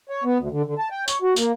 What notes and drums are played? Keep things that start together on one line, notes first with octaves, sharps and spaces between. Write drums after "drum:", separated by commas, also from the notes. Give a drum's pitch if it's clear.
C#5
B3
D2
D3
D3
A5
G5
C#5, drum: tambourine
F#4
A#3, drum: tambourine